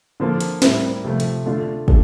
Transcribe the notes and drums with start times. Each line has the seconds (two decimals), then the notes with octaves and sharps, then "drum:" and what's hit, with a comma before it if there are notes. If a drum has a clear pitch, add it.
0.20 D3 F3 A#3 F4 A4
0.40 drum: hi-hat
0.62 A2 G3 C4 E4 A#4, drum: snare
1.04 C3 F3 A3
1.20 drum: hi-hat
1.45 D3 A3 D4 F4 A4
1.88 F3 A3 D4 G4, drum: kick